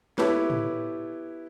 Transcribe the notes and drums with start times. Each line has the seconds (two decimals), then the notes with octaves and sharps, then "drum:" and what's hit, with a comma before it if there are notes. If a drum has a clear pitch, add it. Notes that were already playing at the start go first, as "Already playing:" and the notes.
0.18 B3 E4 G4 A4 B4 C#5, drum: snare
0.50 drum: tom A2